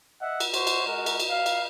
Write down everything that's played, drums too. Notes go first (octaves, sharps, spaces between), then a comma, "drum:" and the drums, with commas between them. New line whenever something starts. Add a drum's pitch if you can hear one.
D#5 E5 F#5
drum: cymbal
F#4 C5 C#5, drum: cymbal
drum: cymbal
G#3 F#4 A#4
drum: cymbal
drum: cymbal
F5
drum: cymbal